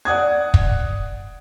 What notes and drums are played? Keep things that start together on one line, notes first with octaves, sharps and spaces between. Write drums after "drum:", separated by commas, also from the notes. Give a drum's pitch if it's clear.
D5 F#5 D#6 G#6
drum: kick